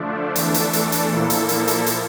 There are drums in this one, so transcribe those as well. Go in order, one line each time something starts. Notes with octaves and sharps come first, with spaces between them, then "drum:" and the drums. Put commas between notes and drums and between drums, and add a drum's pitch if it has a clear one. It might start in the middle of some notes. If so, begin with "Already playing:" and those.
Already playing: D3 F3 A3 D4
E2 E3 A3 D4 A4, drum: hi-hat
drum: hi-hat
drum: hi-hat
drum: hi-hat
A#2 F3 A#3 E4 A4
drum: hi-hat
drum: hi-hat
drum: hi-hat
drum: hi-hat